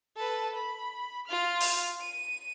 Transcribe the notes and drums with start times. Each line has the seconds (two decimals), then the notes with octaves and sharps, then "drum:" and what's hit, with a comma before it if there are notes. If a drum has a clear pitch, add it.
0.16 A4 B4
0.56 B5
1.27 F4 F6
1.60 drum: open hi-hat
2.01 D#7